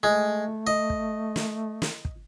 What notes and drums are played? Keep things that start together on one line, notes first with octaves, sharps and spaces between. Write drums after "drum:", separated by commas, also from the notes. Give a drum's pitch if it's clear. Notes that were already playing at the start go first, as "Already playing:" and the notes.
G#3 A3
D#5
drum: kick
drum: snare
drum: snare
drum: kick